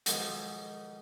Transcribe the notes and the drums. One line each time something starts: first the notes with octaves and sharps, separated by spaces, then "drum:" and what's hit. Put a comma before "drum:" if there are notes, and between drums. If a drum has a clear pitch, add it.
B1 G#2 D#3 F3 G5 G#5, drum: hi-hat